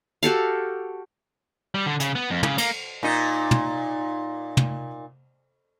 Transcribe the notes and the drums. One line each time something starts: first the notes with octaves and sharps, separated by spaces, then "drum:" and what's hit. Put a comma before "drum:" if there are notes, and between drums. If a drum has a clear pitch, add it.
F#4 G4 A4 F5, drum: hi-hat
G3
D3
C#3, drum: hi-hat
B3
F2
C#3, drum: tom
A#3, drum: cymbal
A#2 D#4
drum: tom
drum: tom